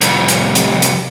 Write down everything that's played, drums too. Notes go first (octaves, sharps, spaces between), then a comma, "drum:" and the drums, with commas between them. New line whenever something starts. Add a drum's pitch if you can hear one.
C2 F2, drum: hi-hat
drum: hi-hat
drum: hi-hat
drum: hi-hat